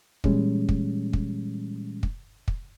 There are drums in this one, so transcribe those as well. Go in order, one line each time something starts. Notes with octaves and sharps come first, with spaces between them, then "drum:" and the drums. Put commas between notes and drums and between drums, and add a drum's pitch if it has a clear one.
A#2 E3 G3 G#3 C#4, drum: kick
drum: kick
drum: kick
drum: kick
drum: kick